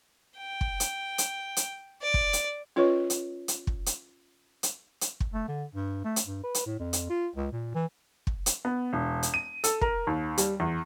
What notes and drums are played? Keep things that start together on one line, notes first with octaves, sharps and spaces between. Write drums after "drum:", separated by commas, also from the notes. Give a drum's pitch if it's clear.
G5
drum: kick
drum: hi-hat
drum: hi-hat
drum: hi-hat
D5
drum: kick
drum: hi-hat
C#4 F4 B4 C#5 D#5 C#6
drum: hi-hat
drum: hi-hat
drum: kick
drum: hi-hat
drum: hi-hat
drum: hi-hat
drum: kick
A3
D3
G2
A3
drum: hi-hat
G2
B4
drum: hi-hat
A2
F2
drum: hi-hat
F4
C#2
A#2
E3
drum: kick
drum: hi-hat
B3
E1
drum: hi-hat
D#7
A4, drum: hi-hat
A#4, drum: kick
D#2
G3, drum: hi-hat
E2